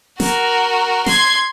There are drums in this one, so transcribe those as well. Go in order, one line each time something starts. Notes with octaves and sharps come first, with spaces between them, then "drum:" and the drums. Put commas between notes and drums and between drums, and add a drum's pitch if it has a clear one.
F#4 A#4, drum: snare
C6 G#6, drum: snare